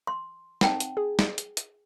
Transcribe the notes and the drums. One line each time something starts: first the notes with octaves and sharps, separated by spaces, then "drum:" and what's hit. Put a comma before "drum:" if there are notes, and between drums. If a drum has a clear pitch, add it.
C6
C4 D#4 F#5 G5 A5, drum: snare
drum: hi-hat
G#4
drum: snare
drum: hi-hat
drum: hi-hat